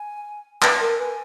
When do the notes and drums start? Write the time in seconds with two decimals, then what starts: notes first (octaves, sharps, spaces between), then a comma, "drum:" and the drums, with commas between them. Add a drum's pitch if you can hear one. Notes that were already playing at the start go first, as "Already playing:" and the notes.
Already playing: G#5
0.62 B4 A5, drum: clap
0.81 A#4
0.99 B4 G#5